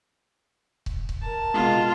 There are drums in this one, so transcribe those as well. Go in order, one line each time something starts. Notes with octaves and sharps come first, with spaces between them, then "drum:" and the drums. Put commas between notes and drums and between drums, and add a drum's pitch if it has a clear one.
drum: kick
drum: kick
A#4 A5
B2 G#3 F4